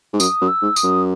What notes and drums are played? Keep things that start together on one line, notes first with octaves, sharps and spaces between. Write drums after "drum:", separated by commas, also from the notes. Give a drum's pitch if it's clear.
G#2
F#2 D#6, drum: tambourine
F#2
E6
G#2
D#6, drum: tambourine
F#2